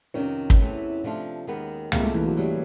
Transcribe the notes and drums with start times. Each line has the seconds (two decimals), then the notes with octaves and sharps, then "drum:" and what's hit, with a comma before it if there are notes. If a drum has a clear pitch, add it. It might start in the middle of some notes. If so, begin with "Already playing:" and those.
0.14 F2 C3 D#3 C#4
0.50 drum: kick
0.59 E2 C3 E3 A3 C4
1.03 C3 F3 A3 D4 F4
1.47 D#2 D#3 G#3 B3
1.92 C3 F3 G#3 A#3 C4 E4, drum: tom
2.03 A3
2.14 E3
2.26 F#3
2.37 C#3 F#3 G3 A3